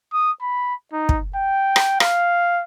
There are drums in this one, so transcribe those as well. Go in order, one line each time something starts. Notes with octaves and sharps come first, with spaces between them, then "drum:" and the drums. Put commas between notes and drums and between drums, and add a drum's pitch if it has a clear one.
D#6
B5
D#4
drum: kick
G5
drum: rim click
F5, drum: rim click